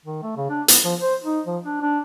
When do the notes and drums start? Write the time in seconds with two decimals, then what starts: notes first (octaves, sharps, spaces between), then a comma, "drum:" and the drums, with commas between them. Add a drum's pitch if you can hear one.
0.05 D#3
0.22 A3
0.36 C#3
0.49 D4
0.68 B3, drum: hi-hat
0.84 F3
1.00 C5
1.24 D#4
1.46 F3
1.65 D4
1.81 D4